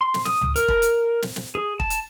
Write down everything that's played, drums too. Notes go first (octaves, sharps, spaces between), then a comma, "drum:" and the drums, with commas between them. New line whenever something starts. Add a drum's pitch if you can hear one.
C6
drum: snare
D#6, drum: snare
drum: tom C#2
A#4, drum: hi-hat
drum: kick
drum: hi-hat
drum: snare
drum: snare
G#4
A5, drum: kick
drum: hi-hat